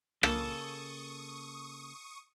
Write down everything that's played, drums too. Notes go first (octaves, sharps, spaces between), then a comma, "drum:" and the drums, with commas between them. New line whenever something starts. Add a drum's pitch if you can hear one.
C#3 A#3 A4 C#6 D#6, drum: rim click